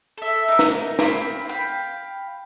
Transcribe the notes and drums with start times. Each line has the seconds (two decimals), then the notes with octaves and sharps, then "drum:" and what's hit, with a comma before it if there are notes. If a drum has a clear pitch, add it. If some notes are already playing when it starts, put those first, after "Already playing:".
0.18 A4 E5
0.48 D#4 A#4
0.59 drum: snare
0.99 C4 F5 B5, drum: snare
1.49 F5 G5 B5